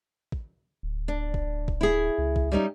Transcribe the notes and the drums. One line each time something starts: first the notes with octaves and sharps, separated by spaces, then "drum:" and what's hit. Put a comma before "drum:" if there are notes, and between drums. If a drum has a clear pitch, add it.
drum: kick
D1
D4
drum: kick
drum: kick
E4 G#4
C#2
drum: kick
G3 C#4 D#4